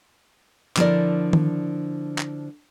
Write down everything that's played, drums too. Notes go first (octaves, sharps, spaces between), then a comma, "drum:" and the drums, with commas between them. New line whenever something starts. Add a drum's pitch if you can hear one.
D3 F3 E4 A4 A#4 D5, drum: clap
drum: tom D#3
drum: clap